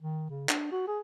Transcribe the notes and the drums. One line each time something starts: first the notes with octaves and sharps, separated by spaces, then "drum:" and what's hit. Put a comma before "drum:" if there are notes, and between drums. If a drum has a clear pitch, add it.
D#3
C#3
D4, drum: clap
F#4
G#4